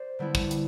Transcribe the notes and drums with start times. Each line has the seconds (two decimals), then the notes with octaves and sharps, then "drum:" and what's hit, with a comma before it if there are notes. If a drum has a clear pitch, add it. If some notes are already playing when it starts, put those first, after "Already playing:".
Already playing: C5 D5
0.19 D3 G3 B3 E4
0.35 drum: kick
0.51 drum: hi-hat